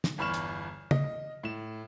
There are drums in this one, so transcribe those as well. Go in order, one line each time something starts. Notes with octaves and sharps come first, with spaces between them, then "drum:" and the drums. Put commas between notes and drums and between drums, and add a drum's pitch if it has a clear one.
drum: snare
G1 E2 B5 C#6 F6 E7
drum: hi-hat
D#5, drum: tom
A2 E7